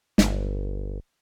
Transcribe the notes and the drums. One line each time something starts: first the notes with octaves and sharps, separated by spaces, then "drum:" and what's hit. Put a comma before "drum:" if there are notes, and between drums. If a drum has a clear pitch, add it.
G1, drum: snare